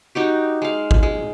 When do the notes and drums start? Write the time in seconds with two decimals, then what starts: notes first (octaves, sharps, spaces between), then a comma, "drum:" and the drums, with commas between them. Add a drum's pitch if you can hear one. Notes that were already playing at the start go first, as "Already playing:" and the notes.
0.15 D#4 F#4 G4
0.62 G#3 F5
0.91 drum: kick G#1
1.03 G#3